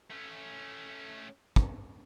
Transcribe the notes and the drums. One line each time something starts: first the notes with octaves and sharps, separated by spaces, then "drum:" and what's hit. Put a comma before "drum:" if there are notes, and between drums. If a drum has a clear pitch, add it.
A3 C#4
drum: kick